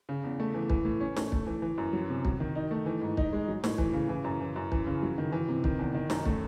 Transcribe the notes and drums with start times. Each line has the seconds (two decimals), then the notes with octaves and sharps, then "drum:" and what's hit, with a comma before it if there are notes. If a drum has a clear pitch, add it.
0.09 C#3
0.24 E2
0.40 A3
0.54 E3
0.70 E3, drum: kick
0.85 A2
1.01 C#4
1.16 A3, drum: snare
1.32 A3, drum: kick
1.47 E3
1.62 E3
1.78 F#2
1.93 F#3
2.09 C3
2.25 F#3, drum: kick
2.40 D#3
2.55 D#4
2.71 A3
2.86 E3
3.02 G#2
3.17 D#4, drum: kick
3.33 G#3
3.48 F#3
3.64 A2, drum: snare
3.78 E3, drum: kick
3.94 C#3
4.09 E3
4.24 F#2
4.41 E3
4.56 F#2
4.72 E3, drum: kick
4.87 C#3
5.03 F#3
5.18 D#3
5.32 E3
5.49 C3
5.64 D#3, drum: kick
5.79 E2
5.95 D#3
6.10 F#2, drum: snare
6.25 A3, drum: kick